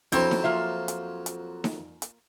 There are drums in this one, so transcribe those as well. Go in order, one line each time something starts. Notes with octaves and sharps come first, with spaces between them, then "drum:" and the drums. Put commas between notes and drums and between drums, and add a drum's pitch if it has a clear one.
F2 F#3 C4 E4 C5, drum: hi-hat
drum: snare D#4
A#3 F4 E5
drum: hi-hat
drum: hi-hat
drum: snare D#4
drum: hi-hat